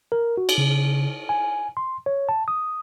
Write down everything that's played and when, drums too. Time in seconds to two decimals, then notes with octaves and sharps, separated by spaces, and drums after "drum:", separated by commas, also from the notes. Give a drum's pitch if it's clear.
0.12 A#4
0.37 F#4
0.49 drum: cymbal
0.58 C#3
1.29 G#5
1.77 C6
2.06 C#5
2.29 A5
2.48 D#6